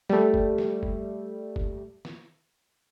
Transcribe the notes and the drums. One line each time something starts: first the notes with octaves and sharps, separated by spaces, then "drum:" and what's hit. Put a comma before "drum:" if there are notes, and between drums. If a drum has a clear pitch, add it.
G3 A3, drum: snare
drum: kick
drum: snare
drum: kick
drum: kick
drum: snare